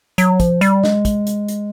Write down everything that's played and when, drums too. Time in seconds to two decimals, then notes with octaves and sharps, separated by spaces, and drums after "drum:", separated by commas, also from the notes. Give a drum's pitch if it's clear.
0.18 F#3, drum: hi-hat
0.40 F3, drum: kick, hi-hat
0.61 G3, drum: hi-hat
0.84 G#3, drum: snare
1.05 drum: kick, hi-hat
1.27 drum: hi-hat
1.48 drum: hi-hat